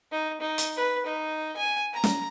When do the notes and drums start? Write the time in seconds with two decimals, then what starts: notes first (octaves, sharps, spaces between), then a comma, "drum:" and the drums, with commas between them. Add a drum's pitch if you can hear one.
0.12 D#4
0.41 D#4
0.58 drum: hi-hat
0.76 B4
1.06 D#4
1.57 G#5
1.93 A#5
2.04 drum: snare